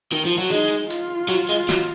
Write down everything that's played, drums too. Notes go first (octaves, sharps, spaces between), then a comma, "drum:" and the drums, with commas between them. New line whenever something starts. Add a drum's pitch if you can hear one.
D#3
F3
F#3
G#3 D#4
F4, drum: hi-hat
F#3
G#3
F#3, drum: snare